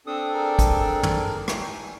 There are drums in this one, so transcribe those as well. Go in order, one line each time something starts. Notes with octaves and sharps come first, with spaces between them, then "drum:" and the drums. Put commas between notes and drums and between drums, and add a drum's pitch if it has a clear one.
C4 D4 A4 D#6
G#4 A#4 D5
drum: kick, hi-hat
drum: tom
G5, drum: rim click
G#5